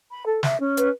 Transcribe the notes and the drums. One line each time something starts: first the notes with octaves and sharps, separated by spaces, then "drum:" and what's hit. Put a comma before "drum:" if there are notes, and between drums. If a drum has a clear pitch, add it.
B5
A4
E5, drum: snare
C#4
B4, drum: hi-hat